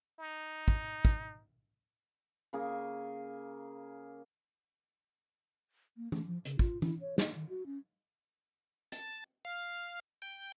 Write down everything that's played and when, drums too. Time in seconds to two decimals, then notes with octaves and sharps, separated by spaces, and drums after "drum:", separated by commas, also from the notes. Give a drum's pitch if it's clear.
0.19 D#4
0.68 drum: kick
1.05 drum: kick
2.53 C#3 A#3 G#4
5.97 A#3
6.12 A3, drum: tom
6.26 F3
6.45 C#3, drum: hi-hat
6.59 F4, drum: kick
6.82 E4, drum: tom
7.01 C#5
7.18 A#3, drum: snare
7.35 D#3
7.49 F#4
7.66 C#4
8.92 A5, drum: hi-hat
9.45 F5
10.22 G5